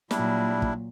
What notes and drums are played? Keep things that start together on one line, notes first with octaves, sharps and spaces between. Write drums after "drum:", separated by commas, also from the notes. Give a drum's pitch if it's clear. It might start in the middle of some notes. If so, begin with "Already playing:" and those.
A#2 F#3 G3 D4 E4, drum: snare
drum: kick